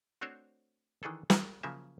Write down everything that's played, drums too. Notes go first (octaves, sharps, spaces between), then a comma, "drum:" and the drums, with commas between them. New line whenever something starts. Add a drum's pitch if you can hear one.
A3 C4 D4 F#4 C5 C#5
D#3 E3 D4 G#4 A4
G3 G#3, drum: snare
C#3 F3 F#3 A#3 E5